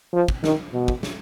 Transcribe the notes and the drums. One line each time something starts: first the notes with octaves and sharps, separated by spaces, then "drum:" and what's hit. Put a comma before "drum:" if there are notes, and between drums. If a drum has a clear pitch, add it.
F3
drum: kick
D#3, drum: snare
B2
drum: kick
drum: snare